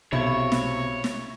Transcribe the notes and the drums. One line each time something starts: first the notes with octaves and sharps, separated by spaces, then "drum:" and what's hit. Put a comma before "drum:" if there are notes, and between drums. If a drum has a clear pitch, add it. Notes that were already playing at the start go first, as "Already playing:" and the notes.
B1 C3 E4 C#5
drum: snare
drum: snare